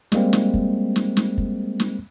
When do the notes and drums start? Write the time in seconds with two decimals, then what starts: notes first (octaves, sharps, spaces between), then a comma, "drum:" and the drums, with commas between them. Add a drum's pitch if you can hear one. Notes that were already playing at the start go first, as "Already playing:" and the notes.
0.12 G3 G#3 A#3 C4, drum: snare
0.33 drum: snare
0.54 drum: kick
0.96 drum: snare
1.17 drum: snare
1.38 drum: kick
1.80 drum: snare